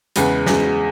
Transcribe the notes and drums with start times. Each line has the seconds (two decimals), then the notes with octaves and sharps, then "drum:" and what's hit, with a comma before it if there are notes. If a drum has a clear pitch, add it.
0.16 E2 C#3 G#3 B4, drum: hi-hat
0.46 E2 C#3 G#3, drum: snare